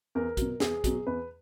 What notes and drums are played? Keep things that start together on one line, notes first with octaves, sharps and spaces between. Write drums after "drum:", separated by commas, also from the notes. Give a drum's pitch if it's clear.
E2 A#4
B2 F#3, drum: kick, hi-hat
E2 G#4, drum: snare
B2 F#3, drum: kick, hi-hat
E2 B4